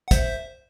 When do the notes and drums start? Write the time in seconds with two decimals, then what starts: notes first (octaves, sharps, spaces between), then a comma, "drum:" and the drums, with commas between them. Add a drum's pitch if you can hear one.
0.08 F#5
0.11 C5 E5, drum: kick, hi-hat